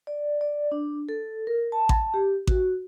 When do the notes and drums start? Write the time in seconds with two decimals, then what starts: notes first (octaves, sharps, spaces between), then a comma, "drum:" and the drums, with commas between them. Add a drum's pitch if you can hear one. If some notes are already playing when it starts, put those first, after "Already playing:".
0.07 D5
0.41 D5
0.72 D4
1.09 A4
1.47 A#4
1.72 A5
1.89 drum: kick A1
2.14 G4
2.47 F#4, drum: kick A1